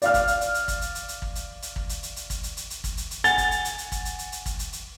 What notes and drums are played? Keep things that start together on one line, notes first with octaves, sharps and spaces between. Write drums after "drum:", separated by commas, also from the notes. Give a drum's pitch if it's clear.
D5 F5 F6, drum: hi-hat
drum: kick, hi-hat
drum: hi-hat
drum: hi-hat
drum: hi-hat
drum: kick, hi-hat
drum: hi-hat
drum: hi-hat
drum: hi-hat
drum: kick
drum: hi-hat
drum: hi-hat
drum: kick
drum: hi-hat
drum: hi-hat
drum: hi-hat
drum: kick, hi-hat
drum: hi-hat
drum: hi-hat
drum: hi-hat
drum: kick, hi-hat
drum: hi-hat
drum: hi-hat
F#5 G#5 A6 F7 G7, drum: hi-hat
drum: kick, hi-hat
drum: hi-hat
drum: hi-hat
drum: hi-hat
drum: kick, hi-hat
drum: hi-hat
drum: hi-hat
drum: hi-hat
drum: kick, hi-hat
drum: hi-hat
drum: hi-hat